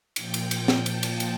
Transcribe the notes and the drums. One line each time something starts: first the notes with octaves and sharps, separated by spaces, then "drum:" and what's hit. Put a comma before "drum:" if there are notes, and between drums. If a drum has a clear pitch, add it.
A#2 F3 G5, drum: cymbal
drum: cymbal
drum: cymbal
drum: snare
A5, drum: cymbal
drum: cymbal
drum: cymbal